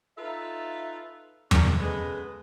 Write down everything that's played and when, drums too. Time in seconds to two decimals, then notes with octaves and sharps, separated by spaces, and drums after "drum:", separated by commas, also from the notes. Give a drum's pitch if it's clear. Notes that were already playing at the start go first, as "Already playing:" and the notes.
0.17 D#4 F4 A4 B4 E5
1.51 D4 A#4, drum: tom E2
1.79 C#3 G#3 B3 A4 B4 D#5